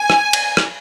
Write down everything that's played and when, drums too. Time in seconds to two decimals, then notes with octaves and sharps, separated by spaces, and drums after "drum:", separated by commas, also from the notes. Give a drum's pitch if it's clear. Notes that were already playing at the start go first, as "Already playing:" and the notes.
Already playing: G#5
0.10 drum: rim click
0.33 drum: cymbal
0.57 drum: rim click